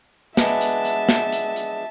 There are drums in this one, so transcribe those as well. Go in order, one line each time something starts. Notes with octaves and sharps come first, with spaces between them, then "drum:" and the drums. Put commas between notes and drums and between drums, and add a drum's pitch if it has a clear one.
G#3 B3 D4 E5 A5, drum: snare
drum: hi-hat
drum: hi-hat
drum: snare
drum: hi-hat
drum: hi-hat